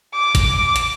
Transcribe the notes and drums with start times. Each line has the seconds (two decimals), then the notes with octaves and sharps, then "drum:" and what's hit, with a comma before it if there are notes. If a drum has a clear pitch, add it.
0.14 D6
0.35 drum: kick, hi-hat
0.76 drum: hi-hat